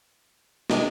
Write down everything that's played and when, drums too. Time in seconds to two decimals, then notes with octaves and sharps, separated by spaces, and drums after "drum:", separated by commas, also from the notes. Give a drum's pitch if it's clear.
0.70 C3 D#3 G#3 D4 D#5, drum: snare